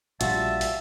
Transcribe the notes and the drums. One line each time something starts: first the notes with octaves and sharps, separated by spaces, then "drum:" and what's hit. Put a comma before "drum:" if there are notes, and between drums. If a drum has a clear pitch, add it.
A#1 G3 F4 F#4 E5 A5, drum: hi-hat
drum: open hi-hat